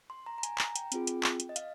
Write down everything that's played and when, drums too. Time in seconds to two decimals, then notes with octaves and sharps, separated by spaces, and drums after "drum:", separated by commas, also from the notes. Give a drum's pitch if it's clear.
0.10 C6
0.26 A#5
0.38 A#5
0.43 G#5, drum: hi-hat
0.58 A#5, drum: clap
0.76 G5, drum: hi-hat
0.92 C4 F4 G#4, drum: hi-hat
1.07 drum: hi-hat
1.24 drum: clap
1.40 drum: hi-hat
1.49 D#5
1.56 F5, drum: hi-hat